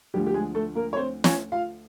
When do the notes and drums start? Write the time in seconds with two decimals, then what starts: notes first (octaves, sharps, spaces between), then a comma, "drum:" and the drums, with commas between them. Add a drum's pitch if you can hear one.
0.14 D2 D3 F3 G3 G4
0.26 G4
0.34 G#3 G#4
0.55 A3 A4
0.75 A#3 A#4
0.93 C#5
0.96 C4 C5
1.24 C#4 C#5, drum: snare
1.52 F4 F5